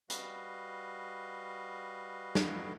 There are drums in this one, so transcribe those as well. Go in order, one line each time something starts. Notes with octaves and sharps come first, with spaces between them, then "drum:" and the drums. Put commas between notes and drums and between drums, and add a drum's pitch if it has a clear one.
G3 F#4 B4 D#5 F5, drum: hi-hat
drum: snare